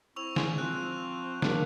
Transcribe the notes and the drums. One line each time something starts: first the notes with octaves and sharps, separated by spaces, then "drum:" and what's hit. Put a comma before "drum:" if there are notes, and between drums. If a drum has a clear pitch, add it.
C4 E4 C#6 E6 F7
G#3, drum: snare
F3 C4 F4 F#6
F#3 G#3 A#3 D4, drum: snare